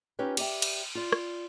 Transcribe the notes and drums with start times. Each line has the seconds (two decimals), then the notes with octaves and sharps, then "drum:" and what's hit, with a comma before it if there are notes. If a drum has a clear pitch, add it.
0.19 C#4 D#4 F4 G4 B4 C#5
0.37 G4 D5 E5 G5, drum: cymbal
0.62 drum: cymbal
0.95 F4 D5
1.12 drum: rim click